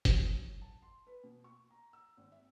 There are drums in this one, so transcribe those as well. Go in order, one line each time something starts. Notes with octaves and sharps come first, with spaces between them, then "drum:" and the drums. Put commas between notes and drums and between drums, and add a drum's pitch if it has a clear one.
D#6, drum: kick, hi-hat
F#3
A5
C6
B4
B2
C#6
A#5
E6
G#1
E5